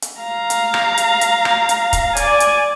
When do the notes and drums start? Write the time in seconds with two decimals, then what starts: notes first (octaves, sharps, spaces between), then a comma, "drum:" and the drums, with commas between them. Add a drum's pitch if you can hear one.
0.02 drum: hi-hat
0.21 F5 A#5
0.50 drum: hi-hat
0.74 drum: rim click
0.98 drum: hi-hat
1.21 drum: hi-hat
1.45 drum: rim click
1.69 drum: hi-hat
1.93 drum: kick, hi-hat
2.17 D5 G#5, drum: hi-hat
2.40 drum: hi-hat